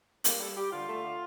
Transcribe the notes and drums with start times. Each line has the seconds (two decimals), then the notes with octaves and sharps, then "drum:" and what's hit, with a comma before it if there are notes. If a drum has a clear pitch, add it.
0.24 G3 A#3, drum: hi-hat
0.40 G3 A4
0.56 G3 G4
0.71 D3 F4
0.88 A3
1.03 D3